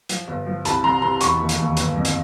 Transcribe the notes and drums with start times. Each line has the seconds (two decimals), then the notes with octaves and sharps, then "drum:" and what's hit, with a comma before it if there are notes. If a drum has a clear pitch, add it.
0.09 F3, drum: hi-hat
0.28 G1
0.46 F3
0.65 C2 A5 B5, drum: hi-hat
0.83 C3 A#5 C6
1.02 C3 A#5 C6
1.21 E1 B5 C#6, drum: hi-hat
1.40 D#2
1.49 drum: hi-hat
1.59 D#2
1.77 G1, drum: hi-hat
1.95 F2
2.05 drum: hi-hat